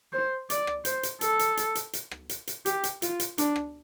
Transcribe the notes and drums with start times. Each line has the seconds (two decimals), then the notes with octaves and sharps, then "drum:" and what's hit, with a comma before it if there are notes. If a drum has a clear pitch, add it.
0.13 C5
0.50 D5, drum: hi-hat
0.67 drum: rim click
0.85 C5, drum: hi-hat
1.03 drum: hi-hat
1.21 A4, drum: hi-hat
1.39 drum: hi-hat
1.57 drum: hi-hat
1.75 drum: hi-hat
1.93 drum: hi-hat
2.11 drum: rim click
2.29 drum: hi-hat
2.47 drum: hi-hat
2.66 G4, drum: hi-hat
2.84 drum: hi-hat
3.02 F4, drum: hi-hat
3.20 drum: hi-hat
3.38 D4, drum: hi-hat
3.56 drum: rim click